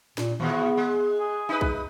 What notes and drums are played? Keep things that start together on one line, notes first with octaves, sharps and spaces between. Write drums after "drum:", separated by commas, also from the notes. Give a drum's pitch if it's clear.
A#2, drum: snare
A#2 E3 G#3 B3, drum: tom D3
G#3
G#4
D#4 E4 B4
drum: kick B1